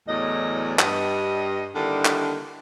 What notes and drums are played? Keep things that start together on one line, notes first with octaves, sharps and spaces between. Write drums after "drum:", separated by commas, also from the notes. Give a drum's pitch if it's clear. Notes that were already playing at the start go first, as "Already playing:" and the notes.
E2 A2 F#3 D5 D#5
G2 D#5, drum: clap
D3 D#3 G3 A#3 D4 E4
drum: clap